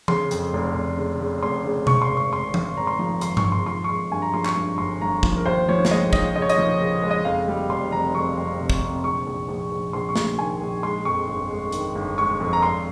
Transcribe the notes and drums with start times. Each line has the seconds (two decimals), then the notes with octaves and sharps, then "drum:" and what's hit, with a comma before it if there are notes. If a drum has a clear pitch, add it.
0.08 C#3 C6, drum: tom E3
0.31 F2, drum: hi-hat
0.53 F1
0.75 F1
0.97 C#3
1.20 C#3
1.42 F1 C6
1.65 C#3
1.87 G#1 C#6, drum: tom B2
2.02 C6
2.10 G#1
2.17 C#6
2.33 G#1 C6
2.54 G#1, drum: tom E3
2.76 G#1 A#5
2.87 C6
2.99 F3 A#5
3.21 G#1 C6, drum: hi-hat
3.37 C#6, drum: tom G2
3.43 G#1
3.52 C6
3.66 F3 C6
3.84 C#6
3.89 G#3 C6
4.11 G2 G#5
4.22 A#5
4.34 F3 C6
4.46 C#6, drum: clap
4.56 G2
4.78 G1 C6
5.01 G1 A#5
5.23 F3, drum: kick
5.37 A#4
5.46 D#2 C5
5.68 F3 C#5
5.85 C#5, drum: snare
5.91 G#3 D#5
6.13 F3 D#5, drum: kick
6.36 C#3 D#5
6.42 C#5
6.49 D#5, drum: hi-hat
6.57 F3
6.81 C#3
7.03 G#3
7.11 D#5
7.25 F2 F5
7.48 G3
7.69 F1 C6
7.92 F2 A#5
8.15 F2 C#6
8.37 F2
8.59 C3
8.70 drum: kick
8.82 C3
9.04 A#1 C#6
9.27 A#1
9.49 A#1
9.72 A#1
9.93 A#1 C6
10.09 C#6
10.16 A#1, drum: snare
10.39 D#3 G#5
10.61 A#1
10.83 G#3 C6
11.05 F2 C#6
11.28 G1
11.51 G#3
11.72 D#3, drum: hi-hat
11.95 G1
12.18 G#3 C#6
12.40 F2
12.53 A#5
12.62 G#1 C6